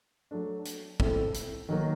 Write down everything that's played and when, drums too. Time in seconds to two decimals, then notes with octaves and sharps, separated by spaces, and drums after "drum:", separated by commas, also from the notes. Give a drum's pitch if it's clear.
0.31 F#3 A3 D4
0.65 drum: hi-hat
1.00 A3 C4 E4 A4, drum: kick
1.34 drum: hi-hat
1.69 D#3 F#3 A#3